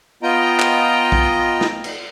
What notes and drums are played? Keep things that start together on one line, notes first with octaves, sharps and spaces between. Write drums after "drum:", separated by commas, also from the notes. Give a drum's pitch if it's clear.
B3 F4 D#5 G5 A#5
drum: clap
drum: kick
drum: snare
drum: cymbal